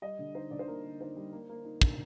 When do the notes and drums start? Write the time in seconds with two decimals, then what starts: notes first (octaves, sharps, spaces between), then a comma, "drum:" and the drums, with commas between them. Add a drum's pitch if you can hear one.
0.02 G3 D#5
0.19 D3
0.35 D#4 C5
0.51 D3 D5
0.59 C5
0.68 A#3 A#4
0.83 A#3
1.01 D#4 C5
1.17 G3
1.32 A#3
1.49 A#3
1.65 D#4
1.81 D3, drum: kick